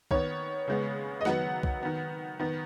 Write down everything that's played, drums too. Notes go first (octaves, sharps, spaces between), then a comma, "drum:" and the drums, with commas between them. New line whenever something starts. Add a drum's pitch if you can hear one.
D#3 B3 C#5, drum: kick
C#3 G#3 B3
D#5
D#3 F#3 B3 F#5, drum: snare
drum: kick
D#3 B3
D#3 B3